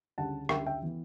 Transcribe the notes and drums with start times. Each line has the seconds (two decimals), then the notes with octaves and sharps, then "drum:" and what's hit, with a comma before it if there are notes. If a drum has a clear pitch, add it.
0.18 D2 C#3 G3 F#5 A5
0.49 D2 C#3 G3 E5 G5, drum: rim click
0.66 E5 G5
0.82 E3 B3